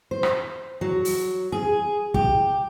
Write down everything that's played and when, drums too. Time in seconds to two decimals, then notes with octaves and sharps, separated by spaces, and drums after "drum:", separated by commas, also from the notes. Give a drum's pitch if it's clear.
0.11 C5
0.23 drum: rim click
0.81 F#3
1.05 drum: open hi-hat
1.52 G#4
2.14 G4, drum: kick